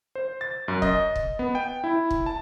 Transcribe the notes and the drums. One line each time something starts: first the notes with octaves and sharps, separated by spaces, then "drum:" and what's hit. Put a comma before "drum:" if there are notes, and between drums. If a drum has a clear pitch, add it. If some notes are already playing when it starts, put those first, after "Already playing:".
C5
A6
F#2
D#5, drum: kick
drum: kick
B3
G5
E4
drum: kick
A5